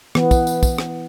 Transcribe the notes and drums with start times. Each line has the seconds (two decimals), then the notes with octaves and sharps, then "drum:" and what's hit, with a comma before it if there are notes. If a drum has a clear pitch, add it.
0.15 E3 B3, drum: rim click
0.31 drum: kick, tambourine
0.47 drum: tambourine
0.63 drum: kick, tambourine
0.78 drum: rim click